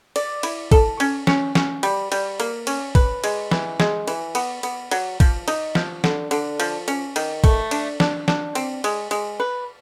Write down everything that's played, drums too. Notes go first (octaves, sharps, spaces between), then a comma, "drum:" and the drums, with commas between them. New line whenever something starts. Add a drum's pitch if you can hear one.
D5, drum: cymbal
E4, drum: cymbal
A4, drum: kick, cymbal
C#4, drum: cymbal
C#4, drum: snare
C#4, drum: snare
G3, drum: cymbal
G3, drum: cymbal
A#3, drum: cymbal
C#4, drum: cymbal
B4, drum: kick, cymbal
G#3, drum: cymbal
E3, drum: snare
G#3, drum: snare
E3, drum: cymbal
B3, drum: cymbal
B3, drum: cymbal
F#3, drum: cymbal
F3, drum: kick, cymbal
D#4, drum: cymbal
F3, drum: snare
D3, drum: snare
D3, drum: cymbal
F3, drum: cymbal
C#4, drum: cymbal
D#3, drum: cymbal
A3, drum: kick, cymbal
D4, drum: cymbal
D4, drum: snare
D4, drum: snare
C4, drum: cymbal
G#3, drum: cymbal
G#3, drum: cymbal
B4